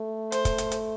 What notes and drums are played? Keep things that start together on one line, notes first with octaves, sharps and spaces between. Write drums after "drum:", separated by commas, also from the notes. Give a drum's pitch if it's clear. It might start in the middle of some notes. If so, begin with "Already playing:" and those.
Already playing: A3
C5, drum: hi-hat
drum: kick, hi-hat
drum: hi-hat
drum: hi-hat